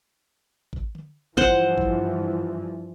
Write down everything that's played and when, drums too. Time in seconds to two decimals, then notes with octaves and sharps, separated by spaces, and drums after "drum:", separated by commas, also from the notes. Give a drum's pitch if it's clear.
0.73 drum: kick G#1
0.95 drum: tom D3
1.37 G2 E3 F3 C5 F#5, drum: kick G#1
1.78 drum: kick G#1